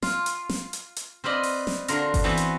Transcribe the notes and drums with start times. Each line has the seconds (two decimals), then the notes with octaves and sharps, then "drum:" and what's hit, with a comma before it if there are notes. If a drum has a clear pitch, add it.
0.02 F4, drum: snare
0.26 drum: hi-hat
0.49 drum: snare
0.73 drum: hi-hat
0.96 drum: hi-hat
1.24 C4 F4 B4 D5 D#5
1.43 drum: open hi-hat
1.67 drum: snare
1.88 D3 F4 F#4 A#4, drum: hi-hat
2.14 drum: kick G1, open hi-hat
2.24 E3 B3 C4 F#4
2.37 drum: hi-hat